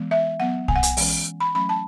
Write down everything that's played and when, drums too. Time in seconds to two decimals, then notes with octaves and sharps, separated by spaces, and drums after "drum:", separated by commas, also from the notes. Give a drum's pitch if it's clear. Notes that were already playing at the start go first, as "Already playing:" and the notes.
Already playing: E3 G#3 B3
0.11 E5
0.40 F#3 B3 F#5
0.68 G#5, drum: kick
0.76 F#5
0.83 G#5, drum: hi-hat
0.97 E3 G#3 C#4, drum: open hi-hat
1.40 B5
1.55 F#3 A3 C#4 B5
1.69 A5